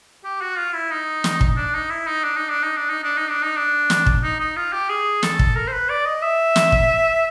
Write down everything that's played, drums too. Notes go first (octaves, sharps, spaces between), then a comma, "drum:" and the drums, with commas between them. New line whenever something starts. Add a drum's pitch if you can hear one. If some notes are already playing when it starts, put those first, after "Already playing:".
G4
F#4
F4
E4
D#4
drum: snare
drum: kick
D4
D#4
E4
D#4
D4
D#4
D4
D#4
D4
D#4
D4
D#4
D4
D#4
D4
drum: snare
drum: kick
D#4
D#4
F4
G4
G#4
A4, drum: snare
drum: kick
A#4
C5
B4
D5
D#5
E5
drum: snare
drum: kick